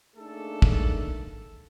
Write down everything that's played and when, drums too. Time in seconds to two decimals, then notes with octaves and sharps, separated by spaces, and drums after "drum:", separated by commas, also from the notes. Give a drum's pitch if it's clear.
0.16 A3 A#3 D4 D#4 G#4 A4
0.62 drum: kick